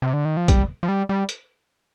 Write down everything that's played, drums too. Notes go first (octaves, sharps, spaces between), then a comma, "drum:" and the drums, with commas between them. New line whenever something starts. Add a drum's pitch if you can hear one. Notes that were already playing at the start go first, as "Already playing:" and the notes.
C3
D3
D#3
F3
G3, drum: kick, hi-hat
F3
G3
G3
drum: hi-hat